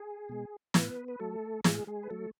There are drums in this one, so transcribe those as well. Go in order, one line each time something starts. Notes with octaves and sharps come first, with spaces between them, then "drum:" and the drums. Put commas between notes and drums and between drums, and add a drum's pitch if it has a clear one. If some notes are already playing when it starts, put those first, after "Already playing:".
Already playing: G#4
B2 G#3
A2 B3 B4, drum: snare
B4
F#3 A3 A4
A2 G#3 G#4, drum: snare
G#3 G#4
B4
F#3 A3 A4